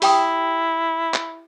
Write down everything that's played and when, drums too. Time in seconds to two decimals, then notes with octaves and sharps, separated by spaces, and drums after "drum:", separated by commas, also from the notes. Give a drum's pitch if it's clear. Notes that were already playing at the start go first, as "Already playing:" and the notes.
0.02 E4 G4 G5 D#6, drum: open hi-hat
1.14 drum: clap